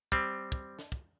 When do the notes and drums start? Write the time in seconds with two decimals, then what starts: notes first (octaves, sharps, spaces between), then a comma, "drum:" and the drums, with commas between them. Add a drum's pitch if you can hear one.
0.12 G3 C4, drum: kick
0.52 drum: kick
0.79 drum: snare
0.92 drum: kick